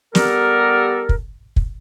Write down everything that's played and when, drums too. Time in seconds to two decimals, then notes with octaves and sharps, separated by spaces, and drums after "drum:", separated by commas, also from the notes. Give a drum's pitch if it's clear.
0.15 G3 B3 G4 A4 A#4, drum: snare
1.09 drum: kick
1.56 drum: kick